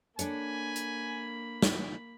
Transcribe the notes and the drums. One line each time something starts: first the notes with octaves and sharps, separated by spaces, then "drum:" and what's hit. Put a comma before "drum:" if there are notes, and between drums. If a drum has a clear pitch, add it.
A#3 D4 A4 C#5 G#5 B5, drum: hi-hat
drum: hi-hat
drum: snare